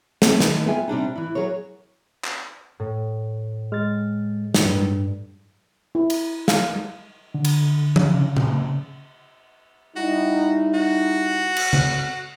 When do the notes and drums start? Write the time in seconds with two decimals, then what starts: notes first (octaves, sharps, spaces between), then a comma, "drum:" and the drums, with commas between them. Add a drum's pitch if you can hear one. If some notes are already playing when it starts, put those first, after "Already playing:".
0.22 A3 A#3 C4 G#4, drum: snare
0.40 D#3 A3 B4, drum: snare
0.66 B3 F4 G#4 E5 G5 G#5
0.88 C3 G3 D4 D#4
1.16 E3 E4
1.35 F#3 G#4 A#4 C#5
2.24 drum: clap
2.80 A2
3.72 G#3 F6 A6
4.54 drum: snare
4.65 G2
5.95 E4
6.10 drum: cymbal
6.48 F5, drum: snare
7.34 D3
7.45 drum: cymbal
7.96 drum: tom F3
8.14 C#3
8.37 drum: tom A#2
9.96 G3 D#4 E4 F#4
10.74 F#4
11.56 drum: cymbal
11.73 drum: tom C#3